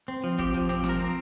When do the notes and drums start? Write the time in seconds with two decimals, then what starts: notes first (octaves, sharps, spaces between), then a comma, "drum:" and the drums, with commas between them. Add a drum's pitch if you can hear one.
0.08 C4
0.24 F3
0.38 C4 G4, drum: kick
0.54 F3, drum: kick
0.69 C4 G4, drum: tom
0.84 F3, drum: snare
0.89 A#4
1.00 C4